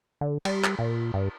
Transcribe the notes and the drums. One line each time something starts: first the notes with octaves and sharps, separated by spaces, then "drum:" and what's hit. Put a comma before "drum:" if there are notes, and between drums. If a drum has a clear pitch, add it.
D3
G3, drum: cymbal
drum: clap
A#2
G2